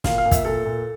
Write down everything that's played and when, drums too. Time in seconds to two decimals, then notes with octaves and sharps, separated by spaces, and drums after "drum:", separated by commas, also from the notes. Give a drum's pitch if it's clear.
0.04 A#2 F5, drum: snare
0.18 F5
0.25 A#2
0.31 E5, drum: kick, hi-hat
0.45 A#2 A4
0.66 A#2